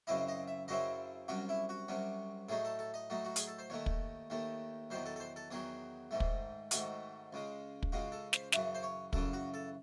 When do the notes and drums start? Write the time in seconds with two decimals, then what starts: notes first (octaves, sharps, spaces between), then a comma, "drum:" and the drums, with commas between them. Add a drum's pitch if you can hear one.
0.07 F#2 C#3 F#3 C4 E4 D#5
0.28 D#5
0.48 E5
0.68 F#2 C#3 F#3 C4 E4 D#5
1.28 C2 C3 F#3 C#4 F#4
1.49 E4
1.69 F#4
1.88 C2 C3 F#3 C#4
2.49 A2 F#3 A3 D#4 G#4
2.65 A4
2.79 A4
2.94 D#5
3.10 A2 F#3 A3 D#4
3.25 F#4
3.36 G#4, drum: hi-hat
3.48 A4
3.59 C5
3.70 D#2 D#3 A3 C#5
3.86 drum: kick
4.30 D#2 D#3 A3
4.90 E2 D#3 F#3 C5
5.06 A4
5.16 A4
5.20 C5
5.36 A4
5.51 E2 D#3 F#3 G#4
6.11 G#2 D#3 A3
6.20 drum: kick
6.71 G#2 D#3 A3 F#4, drum: hi-hat
7.33 C#2 C#3 G#3
7.83 drum: kick
7.92 C#2 C#3 G#3 F#4
8.12 A4
8.33 C5, drum: snare
8.52 F#2 C#3 E3, drum: snare
8.75 C5
8.83 C#5
9.13 F#2 C#3 E3 A4, drum: kick
9.33 F#4
9.54 A4